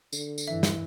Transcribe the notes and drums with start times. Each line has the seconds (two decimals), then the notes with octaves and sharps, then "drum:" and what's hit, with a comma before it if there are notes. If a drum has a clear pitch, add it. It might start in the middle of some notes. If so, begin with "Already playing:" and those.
0.13 D3, drum: tambourine
0.38 drum: tambourine
0.47 G2 E3 E5
0.63 drum: snare